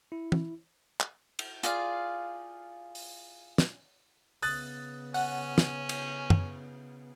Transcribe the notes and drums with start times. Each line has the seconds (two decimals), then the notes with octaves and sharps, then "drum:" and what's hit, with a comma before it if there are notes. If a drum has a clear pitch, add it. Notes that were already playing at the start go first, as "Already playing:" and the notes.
0.12 E4
0.32 drum: tom
1.00 drum: clap
1.39 drum: cymbal
1.63 F4 G#4 D5 F5, drum: hi-hat
2.95 drum: open hi-hat
3.58 drum: snare
4.42 C#3 B3 D#6 F#6 A6, drum: open hi-hat
5.14 C#4 F#5, drum: open hi-hat
5.58 drum: snare
5.89 drum: cymbal
6.30 drum: tom